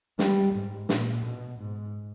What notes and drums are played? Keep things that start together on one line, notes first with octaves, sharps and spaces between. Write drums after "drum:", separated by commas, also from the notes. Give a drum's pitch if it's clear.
G3, drum: snare
G#2
A#2, drum: snare
B2
G#2